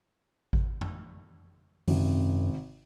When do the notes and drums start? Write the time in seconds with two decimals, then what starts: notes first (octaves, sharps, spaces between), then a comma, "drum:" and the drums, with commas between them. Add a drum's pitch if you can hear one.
0.53 drum: kick G#1
0.81 drum: tom F2
1.88 G#1 F#2 C3, drum: open hi-hat